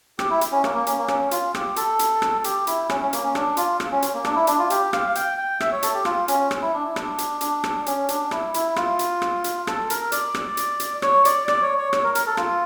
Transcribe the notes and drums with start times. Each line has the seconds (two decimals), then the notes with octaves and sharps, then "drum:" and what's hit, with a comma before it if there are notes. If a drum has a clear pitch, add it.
0.19 G4, drum: rim click
0.30 E4
0.41 drum: hi-hat
0.52 C#4
0.64 A#3, drum: rim click
0.74 A#3
0.87 C#4, drum: hi-hat
0.98 A#3
1.08 C#4, drum: rim click
1.31 F4, drum: hi-hat
1.55 G4, drum: rim click
1.76 A4, drum: hi-hat
1.99 drum: hi-hat
2.22 drum: rim click
2.44 G4, drum: hi-hat
2.67 E4, drum: hi-hat
2.90 C#4, drum: rim click
3.00 C#4
3.13 A#3, drum: hi-hat
3.23 C#4
3.35 D4, drum: rim click
3.57 F4, drum: hi-hat
3.80 drum: rim click
3.92 C#4
4.02 drum: hi-hat
4.14 A#3
4.25 D4, drum: rim click
4.36 E4
4.47 D4, drum: hi-hat
4.59 F4
4.70 G4, drum: hi-hat
4.93 F5, drum: rim click
5.09 F5
5.15 G5, drum: hi-hat
5.38 G5
5.60 E5, drum: rim click
5.72 C#5
5.83 A4, drum: hi-hat
5.94 G4
6.05 F4, drum: rim click
6.28 C#4, drum: hi-hat
6.51 drum: rim click
6.62 E4
6.73 D4
6.84 E4
6.96 D4, drum: rim click
7.18 drum: hi-hat
7.41 D4, drum: hi-hat
7.64 drum: rim click
7.86 C#4, drum: hi-hat
8.09 D4, drum: hi-hat
8.31 E4, drum: rim click
8.54 E4, drum: hi-hat
8.76 F4, drum: rim click
8.99 drum: hi-hat
9.22 drum: rim click
9.44 drum: hi-hat
9.67 A4, drum: rim click
9.90 A#4, drum: hi-hat
10.12 D5, drum: hi-hat
10.34 drum: rim click
10.57 drum: hi-hat
10.80 drum: hi-hat
11.02 C#5, drum: rim click
11.25 D5, drum: hi-hat
11.48 D5, drum: rim click
11.62 C#5
11.78 C#5
11.93 C#5, drum: rim click
12.04 A#4
12.15 A#4, drum: hi-hat
12.27 A4
12.37 F4, drum: rim click